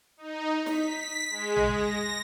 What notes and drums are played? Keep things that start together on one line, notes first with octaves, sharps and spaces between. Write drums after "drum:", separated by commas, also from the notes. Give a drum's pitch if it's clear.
D#4
B6, drum: snare
G#3
drum: tom A1
A#6